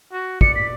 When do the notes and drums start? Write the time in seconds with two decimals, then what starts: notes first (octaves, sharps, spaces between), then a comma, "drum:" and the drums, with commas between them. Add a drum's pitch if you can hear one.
0.12 F#4
0.41 D5 C#7, drum: kick
0.55 B6